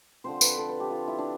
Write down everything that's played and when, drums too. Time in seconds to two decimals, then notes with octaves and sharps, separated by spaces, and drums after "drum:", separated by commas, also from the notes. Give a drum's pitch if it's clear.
0.24 D3 F3 C4 C5
0.41 B4, drum: tambourine
0.58 A4
0.69 B4
0.80 G4
0.91 F4
1.08 E4
1.18 D4